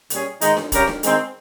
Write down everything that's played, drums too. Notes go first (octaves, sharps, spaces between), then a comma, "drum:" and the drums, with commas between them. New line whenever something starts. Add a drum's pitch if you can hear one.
A#2 G3 C#4 G#4, drum: hi-hat
G#2 D#3 G#3 D#4, drum: hi-hat
drum: snare D4
C#3 G3 C#4 G4 A#4, drum: kick, hi-hat
drum: snare D4
D#3 G#3 C4, drum: hi-hat